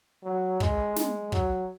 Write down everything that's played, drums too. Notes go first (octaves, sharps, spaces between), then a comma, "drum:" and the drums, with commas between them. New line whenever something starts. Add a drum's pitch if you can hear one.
F#3
G#3, drum: kick
G#3, drum: snare
F#3, drum: kick